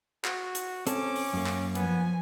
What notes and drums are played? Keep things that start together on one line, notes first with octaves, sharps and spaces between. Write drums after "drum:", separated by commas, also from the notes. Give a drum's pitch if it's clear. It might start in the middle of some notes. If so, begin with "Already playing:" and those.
F#4, drum: clap
drum: hi-hat
C4 C#4 A4 D6, drum: hi-hat
drum: open hi-hat
F#2 A#3
drum: clap
F3 B3 G#5, drum: hi-hat